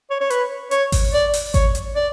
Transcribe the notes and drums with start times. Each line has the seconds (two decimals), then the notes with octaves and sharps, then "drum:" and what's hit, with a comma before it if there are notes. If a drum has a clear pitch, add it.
0.10 C#5
0.21 C#5
0.30 B4, drum: hi-hat
0.71 C#5, drum: hi-hat
0.92 drum: kick G#1, open hi-hat
1.13 D5
1.34 drum: open hi-hat
1.54 C#5, drum: kick G#1, hi-hat
1.75 drum: hi-hat
1.95 D5